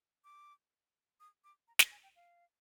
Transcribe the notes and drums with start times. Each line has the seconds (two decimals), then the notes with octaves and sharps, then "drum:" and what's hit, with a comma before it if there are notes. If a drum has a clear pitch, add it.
0.24 D6
1.20 D#6
1.44 D6
1.68 A#5
1.79 A5, drum: snare
1.91 G#5
2.03 G5
2.16 F5